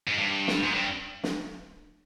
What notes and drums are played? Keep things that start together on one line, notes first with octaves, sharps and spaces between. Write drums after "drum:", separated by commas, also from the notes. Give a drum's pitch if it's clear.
G#2
G2
drum: snare
G#2
G2
drum: snare